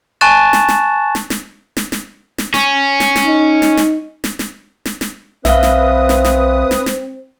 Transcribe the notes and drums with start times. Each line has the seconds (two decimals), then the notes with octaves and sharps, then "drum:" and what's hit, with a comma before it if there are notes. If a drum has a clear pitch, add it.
0.21 G#5 A5 C#6 F#6 A6 E7
0.53 drum: snare
0.68 drum: snare
1.15 drum: snare
1.30 drum: snare
1.77 drum: snare
1.92 drum: snare
2.38 drum: snare
2.54 C#4, drum: snare
3.00 drum: snare
3.16 drum: snare
3.25 D#4
3.62 drum: snare
3.77 drum: snare
4.24 drum: snare
4.39 drum: snare
4.86 drum: snare
5.01 drum: snare
5.45 B1 C4 B4 E5 F5 D#6, drum: snare
5.63 drum: snare
6.09 drum: snare
6.25 drum: snare
6.71 drum: snare
6.86 drum: snare